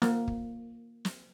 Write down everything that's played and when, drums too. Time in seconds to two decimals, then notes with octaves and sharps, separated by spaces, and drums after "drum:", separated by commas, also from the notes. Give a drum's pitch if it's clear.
0.02 A#3, drum: snare
0.28 drum: kick
1.05 drum: snare